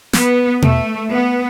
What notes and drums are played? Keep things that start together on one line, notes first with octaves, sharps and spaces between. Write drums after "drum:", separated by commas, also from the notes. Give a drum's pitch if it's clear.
B3, drum: snare
A3, drum: tom B2
B3